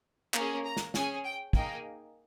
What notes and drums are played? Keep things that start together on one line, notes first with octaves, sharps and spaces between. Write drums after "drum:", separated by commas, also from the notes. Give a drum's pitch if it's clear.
A#3 C#4 G#4, drum: clap
A#5
drum: snare
C#4 G#4 G#5, drum: snare
G5
A#3 D#4 G#4 G5, drum: kick